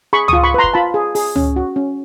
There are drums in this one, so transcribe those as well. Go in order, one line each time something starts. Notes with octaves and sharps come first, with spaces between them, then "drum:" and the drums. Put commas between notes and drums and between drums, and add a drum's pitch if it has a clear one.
G#4 B5 C#6
C#6 D#6, drum: tom C#2
F4
B5 C#6
B4 A#5 C6
drum: kick
F4 A5 B5
G#4
G#4, drum: open hi-hat
C#4, drum: tom C#2
F#4
C#4